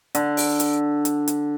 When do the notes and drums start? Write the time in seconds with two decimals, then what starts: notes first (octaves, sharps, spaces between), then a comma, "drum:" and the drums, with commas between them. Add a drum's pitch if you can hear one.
0.15 D3, drum: hi-hat
0.37 drum: open hi-hat
0.60 drum: hi-hat
1.05 drum: hi-hat
1.28 drum: hi-hat